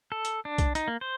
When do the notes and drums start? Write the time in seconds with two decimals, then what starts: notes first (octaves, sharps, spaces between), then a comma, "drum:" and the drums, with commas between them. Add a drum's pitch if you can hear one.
0.12 A4
0.25 drum: hi-hat
0.45 D4
0.58 drum: kick B1, hi-hat
0.75 D#4, drum: hi-hat
0.88 A#3
1.01 C5